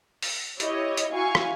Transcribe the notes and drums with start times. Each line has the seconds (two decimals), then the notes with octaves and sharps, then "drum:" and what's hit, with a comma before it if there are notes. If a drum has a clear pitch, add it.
0.22 drum: open hi-hat
0.60 E4 G4 C#5 D#5, drum: hi-hat
0.97 drum: hi-hat
1.14 E4 F#4 F5 G#5 C#6
1.35 drum: rim click